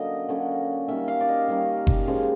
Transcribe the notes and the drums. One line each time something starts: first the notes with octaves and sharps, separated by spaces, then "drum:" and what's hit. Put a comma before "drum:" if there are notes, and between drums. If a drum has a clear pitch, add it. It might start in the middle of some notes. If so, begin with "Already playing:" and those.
Already playing: D3 F#3 A#3 C#4 D#5
D3 F#3 A#3 C#4
D#3 G3 A#3 C#4 E5
F5
D5
D#5
D#3 G3 A#3 C#4
drum: kick F#1
C#3 F3 G#3